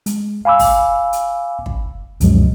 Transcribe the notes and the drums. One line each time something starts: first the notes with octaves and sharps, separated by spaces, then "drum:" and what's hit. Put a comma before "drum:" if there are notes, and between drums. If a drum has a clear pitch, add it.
G#3, drum: hi-hat
F5 G#5 B5 D6 E6
drum: kick, open hi-hat
drum: hi-hat
drum: kick
C#2 F#2 B2 F3 F#3 G#3, drum: hi-hat